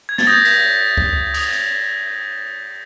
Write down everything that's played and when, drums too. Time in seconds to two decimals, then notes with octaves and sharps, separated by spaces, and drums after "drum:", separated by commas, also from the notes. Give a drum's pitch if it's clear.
0.09 G#6
0.18 A6, drum: snare
0.27 D#6 G6 A#6
0.45 B6, drum: cymbal
0.97 drum: kick C#2
1.34 D#6 G6, drum: cymbal
1.53 drum: hi-hat